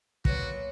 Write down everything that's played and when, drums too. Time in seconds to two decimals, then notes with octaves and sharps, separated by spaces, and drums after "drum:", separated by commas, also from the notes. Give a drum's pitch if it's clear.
0.25 A#2 F#3 B3 F#4, drum: kick